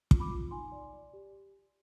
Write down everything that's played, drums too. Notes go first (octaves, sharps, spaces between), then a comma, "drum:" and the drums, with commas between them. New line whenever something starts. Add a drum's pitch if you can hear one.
F4, drum: kick
B5 D6
F4
D#4 G#5 C6
D5
D5
G4